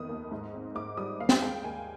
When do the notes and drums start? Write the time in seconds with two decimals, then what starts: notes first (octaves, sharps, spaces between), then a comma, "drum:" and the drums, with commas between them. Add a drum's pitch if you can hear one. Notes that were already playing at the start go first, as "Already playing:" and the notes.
Already playing: F1 D#3 B3 D#6
0.09 D#2
0.31 G#2
0.54 C4
0.75 G#2 D6
0.97 G3 D#6
1.20 D#2 F5
1.29 drum: snare
1.42 G#3 G5
1.64 D#2 G#5